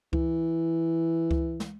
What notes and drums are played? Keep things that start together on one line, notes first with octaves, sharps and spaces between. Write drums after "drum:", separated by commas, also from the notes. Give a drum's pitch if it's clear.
E3, drum: kick C#2
drum: kick C#2
drum: snare